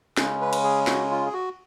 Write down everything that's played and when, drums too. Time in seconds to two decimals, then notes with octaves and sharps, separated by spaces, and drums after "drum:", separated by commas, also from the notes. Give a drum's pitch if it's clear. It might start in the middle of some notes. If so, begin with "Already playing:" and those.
0.17 C#3 G#3 C#4, drum: snare
0.41 B4
0.53 drum: cymbal
0.64 G#4
0.87 F#4, drum: snare
1.11 F4
1.26 G#4
1.33 F#4